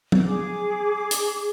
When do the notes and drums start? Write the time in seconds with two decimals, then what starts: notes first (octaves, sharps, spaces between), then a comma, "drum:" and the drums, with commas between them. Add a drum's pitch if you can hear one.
0.12 drum: tom F#3
0.25 G#4 D6
1.11 drum: hi-hat